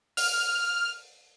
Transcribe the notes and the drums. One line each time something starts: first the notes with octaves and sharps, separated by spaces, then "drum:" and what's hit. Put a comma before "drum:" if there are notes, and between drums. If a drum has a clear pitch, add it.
F6, drum: open hi-hat